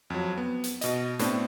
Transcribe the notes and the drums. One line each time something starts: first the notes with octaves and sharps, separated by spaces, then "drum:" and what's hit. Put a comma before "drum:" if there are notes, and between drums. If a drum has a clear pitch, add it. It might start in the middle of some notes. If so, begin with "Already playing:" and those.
F2 F#3
B3
drum: hi-hat
B2 D#5, drum: hi-hat
A2 A3 B3 C4 D4, drum: hi-hat